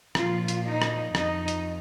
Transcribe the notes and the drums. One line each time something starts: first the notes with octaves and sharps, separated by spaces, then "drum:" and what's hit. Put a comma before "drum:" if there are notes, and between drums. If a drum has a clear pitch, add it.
A#2 F3 F4, drum: rim click
drum: hi-hat
D#4
drum: rim click
F2 F3 D#4, drum: rim click
drum: hi-hat